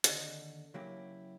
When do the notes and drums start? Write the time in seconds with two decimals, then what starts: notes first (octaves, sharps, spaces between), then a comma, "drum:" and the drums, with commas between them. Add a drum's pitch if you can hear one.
0.04 D#2 D3 D#5, drum: hi-hat
0.74 C#3 F#3 A#3 C#4 E4 G4